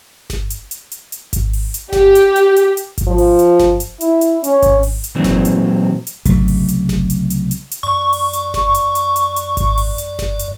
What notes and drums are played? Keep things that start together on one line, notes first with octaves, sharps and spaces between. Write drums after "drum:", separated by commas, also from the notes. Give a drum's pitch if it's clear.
drum: snare G1
drum: hi-hat
drum: hi-hat
drum: hi-hat
drum: hi-hat
drum: kick G#1, hi-hat
drum: open hi-hat
drum: hi-hat
G4, drum: snare G1
drum: hi-hat
drum: hi-hat
drum: hi-hat
drum: hi-hat
drum: kick G#1, hi-hat
F3
drum: open hi-hat
drum: hi-hat
drum: snare G1
drum: hi-hat
E4, drum: hi-hat
drum: hi-hat
C#4, drum: hi-hat
drum: kick G#1, hi-hat
drum: open hi-hat
drum: hi-hat
A#2 E3 F#3 C4
drum: snare G1
drum: hi-hat
drum: hi-hat
C2 C#3 F#3 A3, drum: kick G#1, hi-hat
drum: open hi-hat
drum: hi-hat
drum: snare G1
drum: hi-hat
drum: hi-hat
drum: hi-hat
drum: hi-hat
F#2 D5 C#6
drum: open hi-hat
drum: hi-hat
drum: snare G1
drum: hi-hat
drum: hi-hat
drum: hi-hat
drum: hi-hat
drum: kick G#1, hi-hat
drum: open hi-hat
drum: hi-hat
drum: snare G1
drum: hi-hat